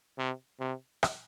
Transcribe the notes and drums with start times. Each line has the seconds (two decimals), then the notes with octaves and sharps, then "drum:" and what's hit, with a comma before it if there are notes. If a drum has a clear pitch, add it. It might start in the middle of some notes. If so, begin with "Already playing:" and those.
0.18 C3
0.60 C3
1.03 drum: rim click